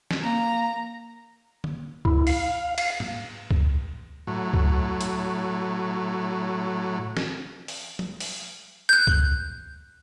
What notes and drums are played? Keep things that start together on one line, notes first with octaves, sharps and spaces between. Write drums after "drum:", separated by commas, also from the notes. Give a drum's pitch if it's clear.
drum: snare
A#3 A#5
drum: tom
E4, drum: kick C#2
F5, drum: open hi-hat
F5, drum: cymbal
drum: tom
drum: kick C#2
A2 F#3
drum: kick C#2
drum: hi-hat
drum: snare
drum: open hi-hat
drum: tom F3
drum: open hi-hat
F#6 G6
drum: kick C#2